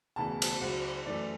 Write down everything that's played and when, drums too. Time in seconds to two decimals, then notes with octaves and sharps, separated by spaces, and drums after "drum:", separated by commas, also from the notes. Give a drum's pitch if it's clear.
0.16 E1 D2 C#3 E3 A5
0.42 drum: cymbal
0.61 C#2 C#3 F#3 F#5
1.06 F#2 E3 A3 D5